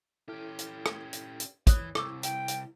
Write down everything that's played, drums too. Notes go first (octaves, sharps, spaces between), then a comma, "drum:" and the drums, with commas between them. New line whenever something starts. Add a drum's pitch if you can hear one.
C#4 E4 G4 A4 F6
drum: hi-hat
drum: rim click
drum: hi-hat
drum: hi-hat
E3 C#5 D#6 F#6, drum: kick, hi-hat
C2 E4 C#6 D6 E6, drum: rim click
G5, drum: hi-hat
drum: hi-hat